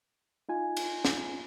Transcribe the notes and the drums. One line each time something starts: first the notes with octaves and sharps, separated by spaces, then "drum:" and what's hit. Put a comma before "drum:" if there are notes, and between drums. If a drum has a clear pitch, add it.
D#4 F4 G#5
drum: cymbal
drum: snare